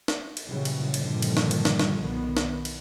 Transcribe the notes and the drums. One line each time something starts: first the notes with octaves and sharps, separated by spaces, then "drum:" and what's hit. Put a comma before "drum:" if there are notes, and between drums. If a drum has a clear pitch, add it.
drum: snare
drum: cymbal
A#2 C#3 E3 F#3 G3
drum: cymbal
G2 A#2 D3 D#3 F3 G3, drum: cymbal
drum: cymbal
drum: snare
drum: cymbal
drum: snare
drum: snare
B1 D#3 B3
drum: snare
drum: cymbal